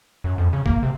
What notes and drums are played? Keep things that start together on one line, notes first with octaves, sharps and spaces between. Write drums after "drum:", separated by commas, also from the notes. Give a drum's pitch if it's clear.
F#2
F2
C#3
A#3, drum: kick G#1
C3